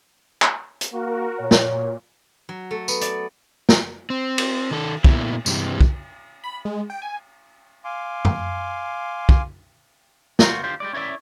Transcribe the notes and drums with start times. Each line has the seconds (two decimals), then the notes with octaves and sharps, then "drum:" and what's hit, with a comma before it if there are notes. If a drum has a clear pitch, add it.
0.42 drum: clap
0.81 drum: hi-hat
0.93 A#3 F#4 A#4
1.39 A#2 C#5
1.51 drum: snare
2.49 F#3
2.71 A3
2.88 B3, drum: tambourine
3.01 D5, drum: hi-hat
3.69 drum: snare
4.10 C4
4.38 drum: cymbal
4.71 D#3 A4
5.04 A#2 C#3 A3 B3 E4, drum: kick
5.46 G2 C3 E3 G3 G#3, drum: tambourine
5.81 drum: kick
6.44 B5
6.65 G#3
6.90 G5
7.02 G#5
7.85 F5 G#5 C6 D6
8.25 drum: tom
9.29 drum: kick
10.39 C#2 A3 F4 F#4 C5, drum: snare
10.63 D3 F4 G4 C5
10.80 G3 G#3 D5
10.93 C#4 E4 A4 D5 E5